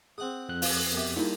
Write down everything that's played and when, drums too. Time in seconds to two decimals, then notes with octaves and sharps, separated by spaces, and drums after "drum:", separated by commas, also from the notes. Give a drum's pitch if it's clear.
0.18 C4 G#4 F#5 D#6
0.49 F2 F#6
0.62 F5, drum: open hi-hat
0.93 B2 G4 A#4 E5
1.16 G2 A#2 G3 D#4 E4 G#4